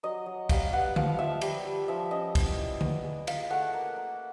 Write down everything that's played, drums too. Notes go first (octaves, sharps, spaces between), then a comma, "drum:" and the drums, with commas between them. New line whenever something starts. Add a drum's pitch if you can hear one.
F#3 D#5
F#3
G3 F5, drum: kick, cymbal
B3 F#5
F3 F5, drum: tom D3
F3 E5
G3, drum: cymbal
G3
F3 E5
C#4 D#5
E4, drum: kick, cymbal
E4
B3, drum: tom D3
G#3
F4 F5, drum: cymbal
A3 F#5
A#3
A#3